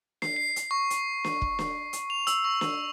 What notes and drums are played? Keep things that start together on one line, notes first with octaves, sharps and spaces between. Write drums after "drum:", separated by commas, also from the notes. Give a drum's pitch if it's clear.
C7, drum: snare
C7
drum: hi-hat
C#6
drum: hi-hat
drum: snare
drum: kick
drum: snare
drum: hi-hat
F7
E6, drum: hi-hat
C#6
drum: snare